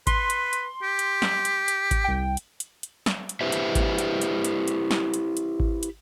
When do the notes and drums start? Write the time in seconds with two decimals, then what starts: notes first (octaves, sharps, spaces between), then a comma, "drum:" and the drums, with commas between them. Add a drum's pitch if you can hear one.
0.07 B4 C6, drum: kick G#1, hi-hat
0.30 drum: hi-hat
0.53 drum: hi-hat
0.83 G4
0.99 drum: hi-hat
1.22 drum: snare
1.45 drum: hi-hat
1.68 drum: hi-hat
1.91 drum: kick G#1, hi-hat
2.04 C2 G5
2.37 drum: hi-hat
2.60 drum: hi-hat
2.83 drum: hi-hat
3.06 drum: snare
3.29 drum: hi-hat
3.41 E4 G4 B4 C5 E5
3.52 drum: hi-hat
3.75 drum: kick G#1, hi-hat
3.98 drum: hi-hat
4.21 drum: hi-hat
4.45 drum: hi-hat
4.68 drum: hi-hat
4.91 drum: snare
5.14 drum: hi-hat
5.37 drum: hi-hat
5.60 drum: kick G#1
5.83 drum: hi-hat